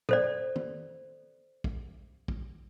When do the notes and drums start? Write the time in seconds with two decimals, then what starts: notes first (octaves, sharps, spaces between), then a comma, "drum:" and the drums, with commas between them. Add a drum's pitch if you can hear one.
0.09 A4 C5 D5, drum: tom A2
0.56 drum: tom
1.64 drum: kick
2.28 drum: kick